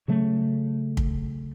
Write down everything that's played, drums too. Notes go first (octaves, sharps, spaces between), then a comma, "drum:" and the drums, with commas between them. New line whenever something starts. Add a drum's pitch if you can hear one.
C#3 F#3 A3
drum: kick